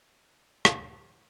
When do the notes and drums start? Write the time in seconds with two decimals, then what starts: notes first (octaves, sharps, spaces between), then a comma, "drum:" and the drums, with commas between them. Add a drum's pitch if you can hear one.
0.65 A#3 D4 F4, drum: rim click